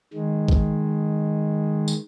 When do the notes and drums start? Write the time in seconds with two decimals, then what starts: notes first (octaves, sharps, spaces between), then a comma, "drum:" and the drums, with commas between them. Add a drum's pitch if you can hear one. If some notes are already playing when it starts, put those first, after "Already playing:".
0.14 D#3 G#3
0.49 drum: kick
1.88 drum: tambourine